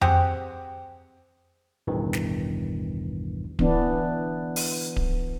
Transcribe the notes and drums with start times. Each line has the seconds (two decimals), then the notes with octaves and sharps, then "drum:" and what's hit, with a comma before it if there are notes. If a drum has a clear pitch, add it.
0.01 C4 G4 G#4 F#5, drum: tom F2
1.87 A1 E2 G2 B2 D#3 E3
2.13 drum: snare
3.59 E3 B3 D4, drum: kick D1
4.56 drum: open hi-hat
4.96 drum: kick D1